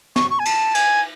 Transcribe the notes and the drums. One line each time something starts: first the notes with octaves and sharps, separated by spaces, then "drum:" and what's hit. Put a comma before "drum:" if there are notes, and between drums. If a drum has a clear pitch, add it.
C#6, drum: snare
C#6
G#5
A5, drum: cymbal
G#5, drum: cymbal